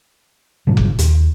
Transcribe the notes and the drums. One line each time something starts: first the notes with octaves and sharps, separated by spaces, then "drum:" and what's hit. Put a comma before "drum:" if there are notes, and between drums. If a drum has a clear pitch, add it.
G2 A#2 C#3 F#3
drum: kick F1
D#2, drum: hi-hat